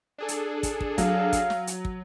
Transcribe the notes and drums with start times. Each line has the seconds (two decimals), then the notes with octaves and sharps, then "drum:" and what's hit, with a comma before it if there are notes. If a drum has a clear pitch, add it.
0.18 D4 G#4 A4
0.28 drum: hi-hat
0.63 drum: kick, hi-hat
0.81 drum: kick
0.98 F#3 F5, drum: kick, hi-hat
1.33 drum: kick, hi-hat
1.50 drum: snare
1.67 drum: hi-hat
1.85 drum: kick